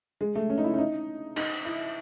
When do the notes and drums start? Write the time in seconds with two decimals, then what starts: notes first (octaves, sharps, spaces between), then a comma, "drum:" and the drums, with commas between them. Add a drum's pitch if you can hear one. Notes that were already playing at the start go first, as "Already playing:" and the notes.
0.21 G#3
0.35 A3
0.50 C#4
0.58 D#4
0.64 E4
0.73 C#4
0.78 D#4
1.36 D#4, drum: cymbal
1.65 E4